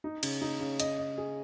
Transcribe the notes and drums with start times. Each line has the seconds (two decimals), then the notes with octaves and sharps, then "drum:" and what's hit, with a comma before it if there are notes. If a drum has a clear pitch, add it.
0.04 D#4
0.23 C#3, drum: cymbal
0.41 D#4
0.60 C#3
0.80 D#5, drum: hi-hat
0.98 D#5
1.18 G#4